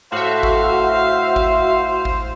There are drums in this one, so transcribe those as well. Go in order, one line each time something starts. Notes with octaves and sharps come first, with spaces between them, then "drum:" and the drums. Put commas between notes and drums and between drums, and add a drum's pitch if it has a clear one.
A2 F#4 C5 E5 F5
drum: kick G#1
drum: kick G#1
drum: kick G#1